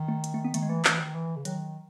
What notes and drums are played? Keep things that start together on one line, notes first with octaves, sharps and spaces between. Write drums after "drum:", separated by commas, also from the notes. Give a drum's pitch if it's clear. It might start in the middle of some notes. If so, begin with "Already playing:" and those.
Already playing: D#3
A3
drum: hi-hat
A3
B3
D#3 A3, drum: hi-hat
G#3
E3 A3
E3, drum: clap
D#3
E3
C#3
D#3 F#3, drum: hi-hat